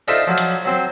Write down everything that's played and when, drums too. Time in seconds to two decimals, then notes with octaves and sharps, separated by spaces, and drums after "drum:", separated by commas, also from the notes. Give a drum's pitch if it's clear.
0.08 D4 D#4 F4 A4 C5 E5, drum: tambourine
0.27 F3 F#3 D6
0.38 drum: hi-hat
0.65 F#3 C4 G5